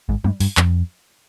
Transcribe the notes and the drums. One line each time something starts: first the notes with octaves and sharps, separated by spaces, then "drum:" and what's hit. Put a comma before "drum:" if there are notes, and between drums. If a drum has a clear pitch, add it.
G#1 G#2
G2, drum: tom
G2, drum: open hi-hat
F2, drum: clap